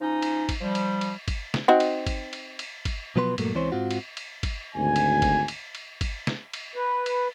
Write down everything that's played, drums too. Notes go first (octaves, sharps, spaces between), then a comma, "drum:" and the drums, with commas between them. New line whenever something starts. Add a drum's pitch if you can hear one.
F3 C#4 D#4
drum: cymbal
drum: kick G1, cymbal
F3 G3
drum: cymbal
drum: cymbal
drum: kick G1, cymbal
drum: snare
C4 D#4 F#4
drum: cymbal
drum: kick G1, cymbal
drum: cymbal
drum: cymbal
drum: kick G1, cymbal
B2 F3 F#3 B3 B4 C6
G2 A#2 F#3 A3 A#3, drum: cymbal
C#2 C#3 E3 C4 C5 C#5
G#2 C4 F4 F#4
drum: cymbal
drum: cymbal
drum: kick G1, cymbal
G#1 D2 G#5
drum: cymbal
drum: kick G1, cymbal
drum: cymbal
drum: cymbal
drum: kick G1, cymbal
drum: snare
drum: cymbal
B4
drum: cymbal